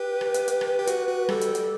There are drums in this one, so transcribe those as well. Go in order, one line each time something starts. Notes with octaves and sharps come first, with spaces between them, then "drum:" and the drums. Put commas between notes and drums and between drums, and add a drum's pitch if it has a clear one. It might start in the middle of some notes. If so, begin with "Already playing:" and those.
Already playing: G4 B4
drum: rim click
drum: hi-hat
drum: hi-hat
drum: rim click
G4
F#4, drum: hi-hat
F#4
G3 A4, drum: rim click
drum: hi-hat
drum: hi-hat